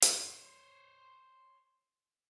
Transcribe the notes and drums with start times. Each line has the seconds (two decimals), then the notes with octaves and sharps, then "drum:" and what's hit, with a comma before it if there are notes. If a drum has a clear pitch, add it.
0.02 C5 C#5, drum: hi-hat